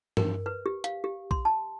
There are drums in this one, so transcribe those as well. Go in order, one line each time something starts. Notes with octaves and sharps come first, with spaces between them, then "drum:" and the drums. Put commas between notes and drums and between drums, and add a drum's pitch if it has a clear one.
A#4, drum: tom
B4
G4
F5, drum: hi-hat
G4
C6, drum: kick A#1
A5